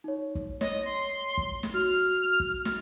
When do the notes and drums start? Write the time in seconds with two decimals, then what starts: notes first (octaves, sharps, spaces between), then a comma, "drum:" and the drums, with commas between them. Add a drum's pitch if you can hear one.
0.04 D#4 C#5
0.35 drum: kick
0.61 C#5 D#5, drum: snare
0.84 C6
1.38 drum: kick
1.63 drum: snare
1.74 F#4 F6
2.40 drum: kick
2.65 drum: snare